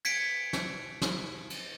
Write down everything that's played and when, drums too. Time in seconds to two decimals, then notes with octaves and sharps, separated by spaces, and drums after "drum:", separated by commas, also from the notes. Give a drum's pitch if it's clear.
0.05 G#6 B6 C#7 D7, drum: cymbal
0.53 drum: snare
1.02 drum: snare
1.50 drum: cymbal